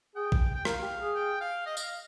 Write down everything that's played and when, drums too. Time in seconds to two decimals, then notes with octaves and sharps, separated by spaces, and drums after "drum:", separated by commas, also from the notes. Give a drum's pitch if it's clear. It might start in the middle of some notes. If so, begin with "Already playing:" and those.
0.16 G#4 G5
0.32 drum: kick
0.55 G5
0.65 A#4 F5, drum: rim click
0.82 G4
0.99 G#4
1.15 G5
1.41 F5
1.66 D#5
1.77 D#5, drum: tambourine
1.83 F5